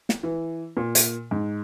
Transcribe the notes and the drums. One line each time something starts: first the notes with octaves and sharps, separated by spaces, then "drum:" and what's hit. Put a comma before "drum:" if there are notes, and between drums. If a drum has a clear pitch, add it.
drum: snare
E3
A#2
drum: hi-hat
G#2